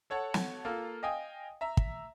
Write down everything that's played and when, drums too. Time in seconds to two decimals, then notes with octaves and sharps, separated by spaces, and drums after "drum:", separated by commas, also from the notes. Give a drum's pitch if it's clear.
0.10 A4 C#5 F#5 A5
0.34 drum: snare
0.65 A#3 F4 A4
1.03 D#5 F5 G5 G#5 D#6
1.61 E5 A#5
1.77 drum: kick